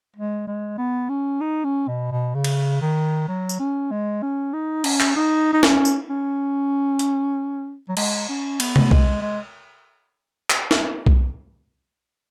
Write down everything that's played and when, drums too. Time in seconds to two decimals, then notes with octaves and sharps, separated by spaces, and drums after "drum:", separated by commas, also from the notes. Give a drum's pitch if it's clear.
0.16 G#3
0.47 G#3
0.78 B3
1.09 C#4
1.41 D#4
1.64 C#4
1.88 B2
2.12 B2
2.35 C#3
2.44 drum: cymbal
2.82 D#3
3.28 F#3
3.49 drum: tambourine
3.60 C#4
3.91 G#3
4.22 C#4
4.53 D#4
4.84 C#4, drum: cymbal
5.00 drum: clap
5.16 D#4
5.53 D#4
5.63 C#4, drum: snare
5.85 drum: tambourine
6.10 C#4
6.99 drum: hi-hat
7.89 F#3
7.97 G#3, drum: cymbal
8.29 C#4
8.60 B3, drum: cymbal
8.76 drum: tom C3
8.91 G#3, drum: kick B1
9.22 G#3
10.50 drum: clap
10.71 drum: snare
11.06 drum: kick B1